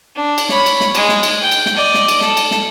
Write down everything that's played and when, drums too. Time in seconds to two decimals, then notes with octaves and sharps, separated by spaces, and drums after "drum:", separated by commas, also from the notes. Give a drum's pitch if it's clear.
0.15 D4
0.38 drum: cymbal
0.49 C#5 B5, drum: snare
0.66 drum: cymbal
0.80 drum: snare
0.95 G#3, drum: cymbal
1.09 drum: snare
1.23 drum: cymbal
1.42 G5
1.52 drum: cymbal
1.66 drum: snare
1.76 D5 D#5
1.94 drum: snare
2.08 drum: cymbal
2.21 A4, drum: snare
2.37 drum: cymbal
2.51 drum: snare